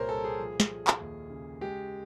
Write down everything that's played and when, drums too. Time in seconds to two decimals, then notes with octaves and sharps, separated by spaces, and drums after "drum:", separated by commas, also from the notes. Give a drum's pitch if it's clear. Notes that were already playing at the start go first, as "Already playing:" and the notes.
Already playing: C2 A#2 A#4 C5 C#5
0.09 G3 A4
0.24 G#4
0.39 F3
0.60 drum: snare
0.70 F3
0.87 drum: clap
1.00 D#2
1.30 C#3
1.61 G#3 G4